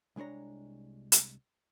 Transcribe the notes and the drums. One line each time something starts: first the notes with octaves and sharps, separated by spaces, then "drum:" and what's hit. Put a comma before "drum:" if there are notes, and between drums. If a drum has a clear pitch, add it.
C2 G#3 D4 C#5 A#5
drum: hi-hat